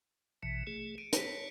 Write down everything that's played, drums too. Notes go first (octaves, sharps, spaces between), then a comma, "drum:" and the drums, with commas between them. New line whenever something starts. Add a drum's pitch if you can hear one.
A1 B2 E3 C#7
A3 G#4
D7 D#7
C#5 A5 A#6 B6, drum: hi-hat